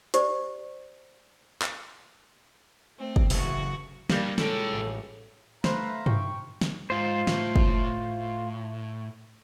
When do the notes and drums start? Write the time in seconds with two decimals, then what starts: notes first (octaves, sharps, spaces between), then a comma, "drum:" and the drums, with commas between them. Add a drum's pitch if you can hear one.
0.14 G4 C5 D5, drum: hi-hat
1.62 drum: clap
2.97 A3 C4
3.16 drum: kick
3.30 F#1 A2 C#3 E3 F#4, drum: open hi-hat
4.10 G2 G3 A#3 A#4, drum: snare
4.38 G#3 C#4 E4 F4 A4 G5, drum: snare
4.73 A1
5.64 A3 B4 C5 E5 F5 A#5, drum: snare
6.06 G5 C#6, drum: tom G2
6.61 drum: snare
6.90 G#2 F4 C5
7.27 A2, drum: snare
7.56 drum: kick